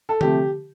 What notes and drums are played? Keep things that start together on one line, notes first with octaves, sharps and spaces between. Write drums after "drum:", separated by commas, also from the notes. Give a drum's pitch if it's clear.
A4
C3 F3 A3 G4, drum: tom D3